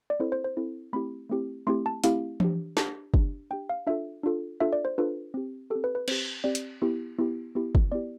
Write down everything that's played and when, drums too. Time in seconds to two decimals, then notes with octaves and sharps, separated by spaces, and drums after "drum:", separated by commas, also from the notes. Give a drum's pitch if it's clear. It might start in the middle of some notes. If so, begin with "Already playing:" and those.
0.10 D5
0.20 C4 E4 A4 C5
0.32 C5
0.44 C5
0.57 C4 E4 A4
0.93 A3 C4 E4 G4 B5
1.29 A3 C4 E4 G4
1.67 A3 C4 E4 G4 C6
1.86 A5
2.04 A3 C4 E4 G4 F5, drum: hi-hat
2.40 D4 G4, drum: tom E3
2.77 D4 G4 A5, drum: snare
3.14 D4 G4, drum: kick
3.50 D4 G4 G5
3.69 F5
3.87 D4 F4 A4 E5
4.23 D4 F4 A4
4.60 D4 F4 A4 E5
4.73 D5
4.85 C5
4.98 D4 F4 A4 B4
5.34 C4 G4
5.70 G4 A4
5.75 C4
5.84 B4
5.95 B4
6.08 C4 G4 C5, drum: cymbal
6.44 C4 G4 D5
6.55 drum: hi-hat
6.82 B3 E4 G4
7.19 B3 E4 G4
7.55 B3 E4 G4
7.75 drum: kick
7.92 B3 E4 G4 D5